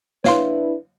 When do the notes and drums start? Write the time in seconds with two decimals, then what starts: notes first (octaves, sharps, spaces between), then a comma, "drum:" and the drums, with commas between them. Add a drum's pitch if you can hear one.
0.24 D4 E4 B4 C#5 F5 C6, drum: snare